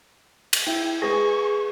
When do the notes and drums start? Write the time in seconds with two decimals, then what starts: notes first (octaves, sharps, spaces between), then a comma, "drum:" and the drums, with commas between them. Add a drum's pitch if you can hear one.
0.53 drum: cymbal
0.67 E4 G5
1.02 G#3 G#4 B4 C#6 A#6